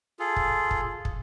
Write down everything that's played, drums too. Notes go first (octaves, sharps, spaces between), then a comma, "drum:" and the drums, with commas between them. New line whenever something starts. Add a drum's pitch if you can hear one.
F4 G#4 A4
drum: kick
drum: kick
drum: kick